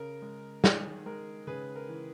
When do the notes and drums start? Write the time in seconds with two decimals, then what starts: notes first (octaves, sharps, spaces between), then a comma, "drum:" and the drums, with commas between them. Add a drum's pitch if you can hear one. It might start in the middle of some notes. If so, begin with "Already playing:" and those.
Already playing: C#3 A#4
0.22 G#3
0.64 D#3 G#4, drum: snare
1.06 G#3 A#4
1.47 C#3 G#4 B4
1.75 A#4
1.89 E3